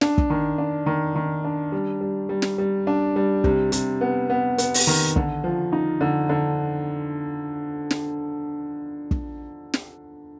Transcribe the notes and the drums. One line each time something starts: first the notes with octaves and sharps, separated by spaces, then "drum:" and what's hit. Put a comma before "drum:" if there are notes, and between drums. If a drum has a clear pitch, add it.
D4, drum: snare
drum: kick
D#3
D4
D#3
D#3
D4
G3
G3
G3
drum: snare
G3
D4
G3
C3, drum: kick
C3, drum: hi-hat
B3
B3
B3, drum: hi-hat
drum: open hi-hat
D#3
D3, drum: kick
F3
D#4
D3
D3
drum: snare
drum: kick
drum: snare